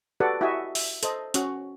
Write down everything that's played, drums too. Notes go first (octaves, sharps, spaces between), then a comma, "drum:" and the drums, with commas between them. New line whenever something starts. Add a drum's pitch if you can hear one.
F#4 G4 A4 B4 D5 F#5
E4 F#4 G4 D#5 E5 G#5
E5, drum: open hi-hat
A4 C5 D#5, drum: hi-hat
C#4 F#4, drum: hi-hat